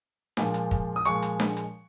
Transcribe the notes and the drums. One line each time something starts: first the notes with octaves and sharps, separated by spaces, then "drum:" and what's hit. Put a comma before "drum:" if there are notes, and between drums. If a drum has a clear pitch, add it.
A#2 F3 G#3, drum: snare D4
drum: hi-hat
drum: kick
D#6
A#2 F3 G#3 C#6, drum: hi-hat
drum: hi-hat
drum: snare D4
drum: hi-hat